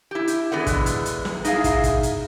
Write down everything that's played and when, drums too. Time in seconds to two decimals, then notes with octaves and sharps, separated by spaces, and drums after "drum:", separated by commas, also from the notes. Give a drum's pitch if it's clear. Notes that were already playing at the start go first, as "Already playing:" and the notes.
0.11 E4 G4
0.27 drum: hi-hat
0.52 D3 E3 G#3 B3
0.66 drum: kick, hi-hat
0.86 drum: hi-hat
1.06 drum: hi-hat
1.25 drum: snare
1.45 D#4 E4 G#4 F5, drum: hi-hat
1.64 drum: kick, hi-hat
1.84 drum: kick, hi-hat
2.03 drum: hi-hat